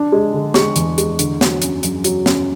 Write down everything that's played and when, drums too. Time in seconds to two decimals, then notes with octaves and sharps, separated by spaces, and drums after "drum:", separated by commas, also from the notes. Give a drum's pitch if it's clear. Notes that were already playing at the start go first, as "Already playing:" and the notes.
Already playing: D4
0.12 G#3
0.34 D3
0.54 G#3 C#6, drum: snare
0.76 E2, drum: hi-hat
0.98 G#3, drum: hi-hat
1.19 D3, drum: hi-hat
1.41 F#3, drum: snare
1.62 F#2, drum: hi-hat
1.83 F#2, drum: hi-hat
2.04 F#3, drum: hi-hat
2.26 F#2, drum: snare